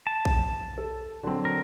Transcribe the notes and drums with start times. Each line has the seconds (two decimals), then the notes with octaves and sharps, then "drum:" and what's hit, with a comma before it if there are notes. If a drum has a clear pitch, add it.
0.07 A5
0.25 drum: kick A#1
0.78 A4
1.23 D3 F#3 C4
1.45 A#4